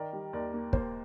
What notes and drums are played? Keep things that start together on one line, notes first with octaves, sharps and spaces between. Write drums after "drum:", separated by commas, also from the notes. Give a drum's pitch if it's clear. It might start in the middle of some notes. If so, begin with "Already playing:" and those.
Already playing: D#3 A#4 D5
G3
D#2 A#4 D5
A#3
A#3 C5, drum: kick